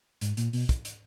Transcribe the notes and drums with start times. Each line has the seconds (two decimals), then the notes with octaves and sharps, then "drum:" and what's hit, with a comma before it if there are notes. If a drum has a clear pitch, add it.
0.21 G#2, drum: hi-hat
0.37 A#2, drum: hi-hat
0.53 B2, drum: open hi-hat
0.69 drum: kick, hi-hat
0.85 drum: hi-hat